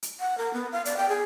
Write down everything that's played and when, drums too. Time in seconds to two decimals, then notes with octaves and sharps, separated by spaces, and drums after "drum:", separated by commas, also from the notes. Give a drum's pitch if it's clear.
0.02 drum: hi-hat
0.20 F#5
0.38 A#4
0.54 B3
0.72 F5
0.85 D5, drum: hi-hat
0.97 G5
1.09 G#4